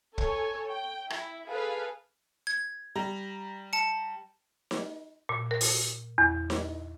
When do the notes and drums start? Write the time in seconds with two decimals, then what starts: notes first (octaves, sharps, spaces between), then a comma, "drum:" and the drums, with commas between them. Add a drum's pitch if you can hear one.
0.18 A4 C#5 G#5, drum: kick
0.67 G5
1.10 E4, drum: rim click
1.49 G#4 A4 B4 F5
2.47 G#6
2.95 G3 A#5
3.73 A5 C#7
4.71 drum: snare D#4
5.29 A#2
5.51 A#4
5.61 drum: open hi-hat
6.18 E2
6.50 drum: snare D#4